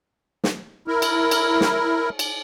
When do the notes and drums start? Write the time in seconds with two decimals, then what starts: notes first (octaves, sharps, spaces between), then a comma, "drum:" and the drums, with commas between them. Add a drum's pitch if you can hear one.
0.44 drum: snare
0.88 E4 A#4
1.02 drum: cymbal
1.31 drum: cymbal
1.61 drum: snare
2.19 drum: cymbal